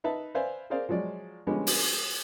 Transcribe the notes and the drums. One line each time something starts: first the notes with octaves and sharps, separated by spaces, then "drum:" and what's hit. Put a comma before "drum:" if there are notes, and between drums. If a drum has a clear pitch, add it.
D#4 B4 E5 A5
B4 C5 D5 E5 F5 G#5
G#4 A#4 C5 D5 F5
F3 F#3 G#3 D5
D3 F3 G3 G#3 B3 C#4
drum: open hi-hat